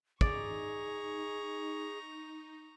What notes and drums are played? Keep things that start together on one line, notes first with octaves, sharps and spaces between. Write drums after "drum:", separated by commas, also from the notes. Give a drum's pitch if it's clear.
D#4 G#4 D5 A#5 C#6, drum: kick